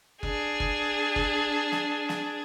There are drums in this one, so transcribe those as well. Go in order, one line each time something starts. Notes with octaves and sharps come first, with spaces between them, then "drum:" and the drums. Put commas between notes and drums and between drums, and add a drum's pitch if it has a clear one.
D4 G#4, drum: kick F#1
drum: kick F#1
drum: kick F#1
drum: snare
drum: snare